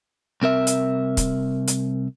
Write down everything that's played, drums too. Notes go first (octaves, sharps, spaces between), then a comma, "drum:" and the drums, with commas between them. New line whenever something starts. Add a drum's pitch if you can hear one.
C2 C4 A#4 E5
drum: hi-hat
drum: kick, hi-hat
drum: hi-hat